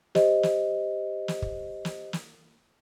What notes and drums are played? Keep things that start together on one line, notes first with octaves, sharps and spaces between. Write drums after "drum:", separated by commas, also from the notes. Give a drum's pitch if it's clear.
G4 C5 D#5, drum: snare
drum: snare
drum: snare
drum: kick
drum: snare
drum: snare